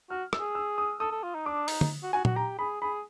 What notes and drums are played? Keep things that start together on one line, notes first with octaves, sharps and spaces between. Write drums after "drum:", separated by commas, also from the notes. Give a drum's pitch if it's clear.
F#4 F6
E6, drum: rim click
G#4
E6
D#6
A4 D#6
A4
F4
D#4
D4 D6
D#4, drum: open hi-hat
drum: tom
F#4
F#4 G#5
F#4, drum: tom A#2
G4 A#5
G#4 B5
G#4 B5